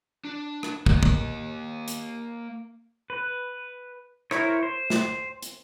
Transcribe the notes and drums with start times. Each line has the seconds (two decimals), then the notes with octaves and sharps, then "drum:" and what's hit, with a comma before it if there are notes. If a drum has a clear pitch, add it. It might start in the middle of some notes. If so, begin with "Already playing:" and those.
0.25 D4
0.63 drum: rim click
0.86 A#3 D#5, drum: kick
1.03 drum: kick
1.88 drum: hi-hat
3.10 B4
4.31 E4 A#4 C5 C#5, drum: rim click
4.63 C5
4.90 drum: snare
5.42 drum: hi-hat